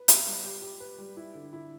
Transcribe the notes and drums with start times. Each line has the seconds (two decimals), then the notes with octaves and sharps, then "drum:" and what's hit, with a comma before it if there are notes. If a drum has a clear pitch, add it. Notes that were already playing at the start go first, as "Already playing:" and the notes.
Already playing: B4
0.08 G4, drum: hi-hat
0.26 G3
0.44 G4
0.62 G4
0.80 B4
0.98 G3
1.17 E4
1.35 D3
1.53 E4